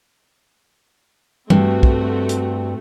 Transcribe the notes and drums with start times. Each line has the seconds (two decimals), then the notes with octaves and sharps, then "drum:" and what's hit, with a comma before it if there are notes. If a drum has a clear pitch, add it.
1.50 G2 A3 C4 F#4, drum: tom
1.83 drum: kick
2.29 drum: hi-hat